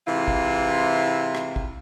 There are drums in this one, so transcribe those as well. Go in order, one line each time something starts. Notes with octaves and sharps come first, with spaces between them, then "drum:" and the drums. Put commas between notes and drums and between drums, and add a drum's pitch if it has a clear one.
G#2 C3 E3 E4 F4
drum: kick G#1
drum: rim click
drum: kick G#1